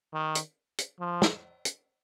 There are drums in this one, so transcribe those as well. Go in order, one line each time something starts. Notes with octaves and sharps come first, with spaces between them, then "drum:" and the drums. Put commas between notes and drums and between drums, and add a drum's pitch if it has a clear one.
D#3
drum: hi-hat
drum: hi-hat
F3
drum: snare
drum: hi-hat